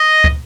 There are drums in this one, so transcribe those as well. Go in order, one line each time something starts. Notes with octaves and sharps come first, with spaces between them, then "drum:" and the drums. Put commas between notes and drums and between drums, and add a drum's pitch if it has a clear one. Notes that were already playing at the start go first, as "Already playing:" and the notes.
Already playing: D#5
drum: kick